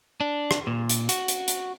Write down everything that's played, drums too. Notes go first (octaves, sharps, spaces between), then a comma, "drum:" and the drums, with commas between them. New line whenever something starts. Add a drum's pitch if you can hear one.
D4
drum: rim click
A#2
drum: hi-hat
F#4, drum: hi-hat
drum: hi-hat
drum: hi-hat